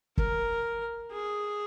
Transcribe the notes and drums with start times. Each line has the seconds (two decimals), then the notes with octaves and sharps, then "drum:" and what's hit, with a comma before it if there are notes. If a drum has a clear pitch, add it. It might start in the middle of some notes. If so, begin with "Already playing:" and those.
0.17 A#4, drum: kick
1.12 G#4